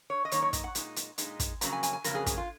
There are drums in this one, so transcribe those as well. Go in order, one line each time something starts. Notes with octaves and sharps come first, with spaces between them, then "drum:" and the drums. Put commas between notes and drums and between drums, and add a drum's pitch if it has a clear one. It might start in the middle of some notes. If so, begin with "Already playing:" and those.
C#5
D#5
F#2 D#3 A#3 D#4 C#5, drum: hi-hat
C#5
D#5, drum: kick, hi-hat
F#5
A#2 G#3 D#4, drum: hi-hat
drum: hi-hat
A#2 G#3 D#4, drum: hi-hat
drum: kick, hi-hat
F2 C#3 F#3 A#3 C#4 A#5, drum: hi-hat
G#5
G#5, drum: hi-hat
G#5
F2 C#3 F#3 A#3 C#4 A#4, drum: hi-hat
G#4
G#4, drum: kick, hi-hat
F4